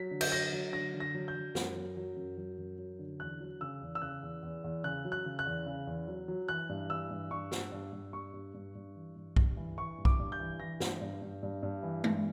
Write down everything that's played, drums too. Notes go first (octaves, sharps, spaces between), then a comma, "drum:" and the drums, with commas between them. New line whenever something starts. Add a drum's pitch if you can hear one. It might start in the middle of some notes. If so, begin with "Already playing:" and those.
Already playing: F#3 B6
D3
G6, drum: cymbal
F#3 A#6
F#3
D3 A#6
D3
A#6
F#3
G6
F#3
F#2, drum: snare
F#3
F#3
F#2
F#3
F#2
F#3
D3
E2 F#6
F#3
C#3 E6
E2
E6
C#3 F#6
E2
E2
E2
C#3 F#6
F#3
F#6
C#3
F#6
E2
C#3
E2
F#3
F#3
E3 F#6
G2
E3 E6
G2
G2 C#6
G2, drum: snare
G2
G2
G2 C#6
G2
G2
G2
E3
G2
G2, drum: kick B1
E3
E3 C#6
G2
D6, drum: kick B1
G2
G6
E3
E3 A#6
G2, drum: snare
G2
G2
G2
G2
E3
G2, drum: tom G#3